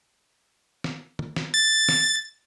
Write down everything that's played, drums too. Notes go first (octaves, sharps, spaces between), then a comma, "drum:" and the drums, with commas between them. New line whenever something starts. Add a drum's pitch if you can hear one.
drum: snare
drum: tom
drum: snare
A6
drum: snare